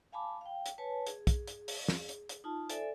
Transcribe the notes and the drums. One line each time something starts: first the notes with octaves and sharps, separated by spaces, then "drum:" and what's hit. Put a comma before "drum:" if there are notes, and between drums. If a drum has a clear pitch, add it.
F5 G#5 A5 B5 D6
F5 G5
drum: hi-hat
B4 C#5 G#5 A5
G#4, drum: hi-hat
drum: kick, hi-hat
drum: hi-hat
drum: open hi-hat
drum: snare
drum: hi-hat
drum: hi-hat
D#4 F4 A5
A4 C5 D5 E5 G#5, drum: hi-hat